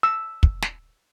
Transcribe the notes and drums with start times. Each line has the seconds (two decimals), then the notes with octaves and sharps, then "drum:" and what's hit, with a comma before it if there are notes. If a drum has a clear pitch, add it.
0.03 E6
0.43 drum: kick
0.63 drum: snare